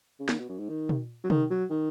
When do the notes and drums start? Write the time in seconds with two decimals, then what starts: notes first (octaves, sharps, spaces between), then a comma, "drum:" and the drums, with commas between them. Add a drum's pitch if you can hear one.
0.20 C#3
0.29 D#3, drum: snare
0.39 B2
0.49 F#2
0.59 G#2
0.69 D#3
0.89 drum: tom
1.24 F#3
1.30 D#3, drum: tom
1.50 F#3
1.70 D#3